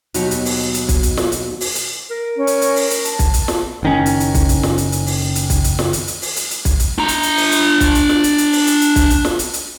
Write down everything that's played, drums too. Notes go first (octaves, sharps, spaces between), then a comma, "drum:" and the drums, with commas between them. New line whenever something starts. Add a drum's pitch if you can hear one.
D#2 B2 F#3 D#4, drum: hi-hat
drum: hi-hat
drum: open hi-hat
drum: hi-hat
drum: kick, hi-hat
drum: hi-hat
drum: snare
drum: hi-hat
drum: open hi-hat
drum: hi-hat
A#4
C#4
drum: hi-hat
drum: hi-hat
drum: open hi-hat
drum: hi-hat
A5, drum: hi-hat
drum: kick, hi-hat
drum: hi-hat
drum: snare
F#1 D#3 C#4
drum: hi-hat
drum: hi-hat
drum: kick, hi-hat
drum: hi-hat
drum: snare
drum: hi-hat
drum: hi-hat
drum: open hi-hat
drum: hi-hat
drum: kick, hi-hat
drum: hi-hat
drum: snare
drum: hi-hat
drum: hi-hat
drum: open hi-hat
drum: hi-hat
drum: hi-hat
drum: kick, hi-hat
drum: hi-hat
D4 A#5
drum: hi-hat
drum: hi-hat
drum: open hi-hat
drum: hi-hat
drum: kick, hi-hat
drum: hi-hat
drum: snare
drum: hi-hat
drum: hi-hat
drum: open hi-hat
drum: hi-hat
drum: hi-hat
drum: kick, hi-hat
drum: hi-hat
drum: snare
drum: hi-hat
drum: hi-hat